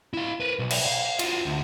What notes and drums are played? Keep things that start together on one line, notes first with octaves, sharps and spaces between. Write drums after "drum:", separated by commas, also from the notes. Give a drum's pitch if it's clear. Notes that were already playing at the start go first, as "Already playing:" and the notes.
E4 F5
A#4 B4
B1
drum: cymbal
F5
F4 F#4, drum: cymbal
D2